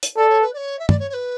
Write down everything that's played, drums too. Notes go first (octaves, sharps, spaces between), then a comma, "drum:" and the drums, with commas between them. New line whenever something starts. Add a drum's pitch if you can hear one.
drum: hi-hat
A4 D5
C#5
B4
D5
C#5
E5
D5, drum: tom
C#5
C#5
B4